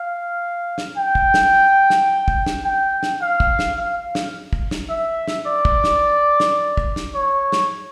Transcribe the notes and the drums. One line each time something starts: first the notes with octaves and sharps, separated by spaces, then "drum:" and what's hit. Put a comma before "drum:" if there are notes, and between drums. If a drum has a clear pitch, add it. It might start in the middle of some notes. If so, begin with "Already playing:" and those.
Already playing: F5
drum: snare
G5
drum: kick
drum: snare
drum: snare
drum: kick
drum: snare
G5
drum: snare
F5
drum: kick
drum: snare
F5
drum: snare
drum: kick
drum: snare
E5
drum: snare
D5
drum: kick
drum: snare
drum: snare
drum: kick
drum: snare
C#5
drum: snare